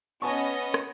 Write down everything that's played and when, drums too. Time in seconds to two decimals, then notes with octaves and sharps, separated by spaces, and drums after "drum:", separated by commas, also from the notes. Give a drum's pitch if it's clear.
0.22 B3 C#4 D#5 G#5 A5 C#6
0.74 drum: rim click